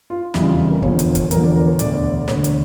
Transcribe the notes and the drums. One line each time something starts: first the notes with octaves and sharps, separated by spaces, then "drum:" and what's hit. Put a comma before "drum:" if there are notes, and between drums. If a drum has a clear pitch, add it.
F4
F1 E2 C#3 G3 E4, drum: snare
F4
A#4
E1 E2 D3 F3 C#5, drum: kick
drum: hi-hat
drum: kick, hi-hat
E1 E2 D3 F3 A#4, drum: hi-hat
D5
A#4
C#5
E1 D2 D3 D5, drum: hi-hat
D5
E1 D2 D3 C#5, drum: snare
drum: hi-hat